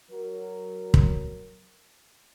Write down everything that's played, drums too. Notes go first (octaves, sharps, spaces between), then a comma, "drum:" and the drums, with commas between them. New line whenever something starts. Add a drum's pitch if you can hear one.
F#3 A#4
drum: kick